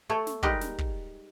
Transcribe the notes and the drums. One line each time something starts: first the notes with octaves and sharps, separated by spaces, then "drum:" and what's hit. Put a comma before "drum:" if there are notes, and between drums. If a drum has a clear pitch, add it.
A3 A4 C#5
drum: snare
G3 G#3 D#4 G4 A#4 D#5, drum: kick
drum: snare
drum: kick